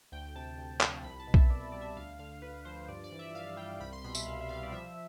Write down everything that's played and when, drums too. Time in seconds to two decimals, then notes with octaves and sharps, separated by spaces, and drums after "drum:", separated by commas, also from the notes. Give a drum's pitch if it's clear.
0.12 D2 G5
0.35 C3 A5
0.57 D2
0.81 F3, drum: clap
1.03 C2 B5
1.19 A5
1.27 B2
1.34 E5, drum: kick B1
1.50 C2 D5
1.72 G3 D5
1.81 E5
1.96 D2 F5
2.19 D3 F5
2.42 D2 B4
2.65 F3 C5
2.88 G2 D5
3.04 D5
3.12 E3
3.19 E5
3.35 G2 F5
3.57 G3 G5
3.80 C2 B5
3.92 C6
4.04 B2 B5
4.15 E5, drum: tambourine
4.26 C2 F5
4.41 E5
4.49 G3 F5
4.63 D5
4.72 F3 E5